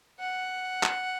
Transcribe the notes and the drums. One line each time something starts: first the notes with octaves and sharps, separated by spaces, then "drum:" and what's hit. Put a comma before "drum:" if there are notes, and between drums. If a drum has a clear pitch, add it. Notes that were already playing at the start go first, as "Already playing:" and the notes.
F#5
drum: clap